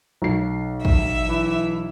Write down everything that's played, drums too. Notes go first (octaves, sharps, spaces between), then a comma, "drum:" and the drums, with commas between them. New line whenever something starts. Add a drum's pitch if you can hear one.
B1 C7
E5, drum: kick
E3